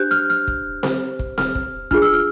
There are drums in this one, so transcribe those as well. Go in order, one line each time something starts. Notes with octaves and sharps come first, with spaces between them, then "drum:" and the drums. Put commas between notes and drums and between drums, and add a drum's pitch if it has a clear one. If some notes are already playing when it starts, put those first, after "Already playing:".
Already playing: D4 G4 C5 F#6 G6
F6
F6
drum: kick
G4 C5, drum: snare C4
drum: kick
F6, drum: snare C4
drum: kick
D4 F4 G#4 F6, drum: kick
E6
F6